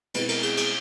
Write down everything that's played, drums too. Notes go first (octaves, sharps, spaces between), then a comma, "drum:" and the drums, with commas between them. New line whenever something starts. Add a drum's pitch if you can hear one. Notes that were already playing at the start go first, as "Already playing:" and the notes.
B2 G#3 C4 E4 B4, drum: cymbal
A#4, drum: cymbal
G#4, drum: cymbal
G#4, drum: cymbal